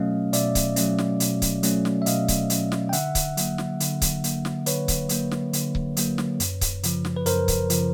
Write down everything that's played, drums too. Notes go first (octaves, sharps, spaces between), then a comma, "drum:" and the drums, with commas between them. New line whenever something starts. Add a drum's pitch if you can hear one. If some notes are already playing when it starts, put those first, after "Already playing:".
Already playing: B2 F#3 A3 C#4 D#5 F5
B2 D5 E5, drum: hi-hat
drum: kick C#1, hi-hat
F#3 A3 C#4, drum: hi-hat
drum: snare
B2, drum: hi-hat
drum: kick C#1, hi-hat
F#3 A3 C#4, drum: hi-hat
drum: snare
E5
B2 D#5 F5, drum: hi-hat
drum: kick C#1, hi-hat
F#3 A3 C#4, drum: hi-hat
drum: snare
G5
D3 E5 F#5, drum: hi-hat
drum: kick C#1, hi-hat
F#3 A#3, drum: hi-hat
drum: snare
D3, drum: hi-hat
drum: kick C#1, hi-hat
F#3 A#3, drum: hi-hat
drum: snare
D3 B4 C#5, drum: hi-hat
drum: kick C#1, hi-hat
F#3 A#3, drum: hi-hat
drum: snare
D3, drum: hi-hat
drum: kick C#1
F#3 A#3, drum: hi-hat
drum: snare
F#2, drum: hi-hat
drum: kick C#1, hi-hat
C#3 F3, drum: hi-hat
drum: snare
B4
F#2 A#4 C5, drum: hi-hat
drum: kick C#1, hi-hat
C#3 F3, drum: hi-hat